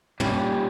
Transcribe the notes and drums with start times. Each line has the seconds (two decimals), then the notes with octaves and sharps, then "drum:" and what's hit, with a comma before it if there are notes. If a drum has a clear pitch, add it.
0.20 A#2 G3 C#4 G4, drum: tom